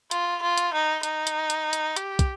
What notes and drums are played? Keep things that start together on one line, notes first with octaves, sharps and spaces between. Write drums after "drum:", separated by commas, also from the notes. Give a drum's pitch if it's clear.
F4, drum: hi-hat
F4
drum: hi-hat
D#4
D#4, drum: hi-hat
drum: hi-hat
drum: hi-hat
drum: hi-hat
G4, drum: hi-hat
drum: kick, hi-hat